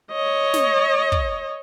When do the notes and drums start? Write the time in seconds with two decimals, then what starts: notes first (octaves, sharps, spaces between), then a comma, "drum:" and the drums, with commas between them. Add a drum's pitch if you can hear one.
0.13 C#5 D#5
0.54 drum: snare
1.12 drum: kick